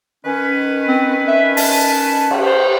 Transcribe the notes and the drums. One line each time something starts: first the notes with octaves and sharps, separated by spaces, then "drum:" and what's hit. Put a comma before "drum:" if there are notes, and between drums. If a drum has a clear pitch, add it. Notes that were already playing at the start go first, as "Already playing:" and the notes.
D#3 C#4 B4
C4
E5
A5, drum: open hi-hat
drum: cymbal
C5